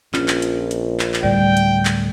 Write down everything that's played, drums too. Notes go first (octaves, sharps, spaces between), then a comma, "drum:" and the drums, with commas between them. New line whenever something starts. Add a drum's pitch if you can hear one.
A#1 C#4 F4, drum: clap
drum: clap
drum: hi-hat
drum: hi-hat
drum: clap
drum: clap
D2 A2 G3 D5 G5
drum: hi-hat
drum: clap